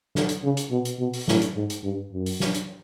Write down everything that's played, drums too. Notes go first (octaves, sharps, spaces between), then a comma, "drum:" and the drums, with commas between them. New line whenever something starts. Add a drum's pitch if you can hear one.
D3, drum: snare
drum: hi-hat
C#3
drum: hi-hat
B2
drum: hi-hat
B2
drum: open hi-hat
A2, drum: snare
drum: hi-hat
G#2
drum: hi-hat
G2
F#2
drum: open hi-hat
drum: snare
drum: hi-hat